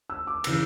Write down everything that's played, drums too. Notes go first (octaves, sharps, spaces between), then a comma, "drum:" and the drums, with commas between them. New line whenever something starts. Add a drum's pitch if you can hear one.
E6
D6
C#3 E3 E6, drum: cymbal